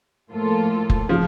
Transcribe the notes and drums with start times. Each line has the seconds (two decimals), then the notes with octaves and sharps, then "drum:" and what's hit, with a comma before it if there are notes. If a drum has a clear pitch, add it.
0.31 A2 F3 A#3 F4 A4
0.90 drum: kick F1
1.09 C#3 F3